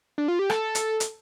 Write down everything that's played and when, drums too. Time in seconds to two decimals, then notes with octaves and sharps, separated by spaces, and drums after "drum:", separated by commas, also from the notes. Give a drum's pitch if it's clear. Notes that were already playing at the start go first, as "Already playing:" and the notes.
0.18 D4
0.28 F4
0.39 G4
0.50 A4, drum: rim click
0.75 drum: hi-hat
1.00 drum: hi-hat